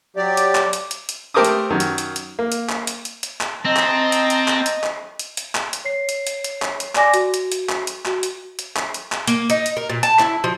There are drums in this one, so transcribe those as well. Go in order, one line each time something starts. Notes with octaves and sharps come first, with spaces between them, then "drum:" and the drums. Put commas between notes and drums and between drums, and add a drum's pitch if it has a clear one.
F#3 G4 D5
drum: hi-hat
drum: clap
drum: hi-hat
drum: hi-hat
drum: hi-hat
A3 G4 A#4 C5 D6 D#6
drum: hi-hat
F#2 D#3
drum: hi-hat
drum: hi-hat
drum: hi-hat
A#3
drum: hi-hat
drum: clap
drum: hi-hat
drum: hi-hat
drum: hi-hat
drum: clap
C4 D#5 A5 A#5
drum: clap
drum: hi-hat
drum: hi-hat
drum: clap
drum: hi-hat
drum: clap
drum: hi-hat
drum: hi-hat
drum: clap
drum: hi-hat
C#5 C7
drum: hi-hat
drum: hi-hat
drum: hi-hat
drum: clap
drum: hi-hat
D5 G#5 D6 A#6, drum: clap
F#4, drum: hi-hat
drum: hi-hat
drum: hi-hat
drum: clap
drum: hi-hat
F#4, drum: clap
drum: hi-hat
drum: hi-hat
drum: clap
drum: hi-hat
drum: clap
A#3, drum: hi-hat
D#4, drum: hi-hat
drum: hi-hat
A#4
A#2
A5, drum: hi-hat
E4, drum: clap
F3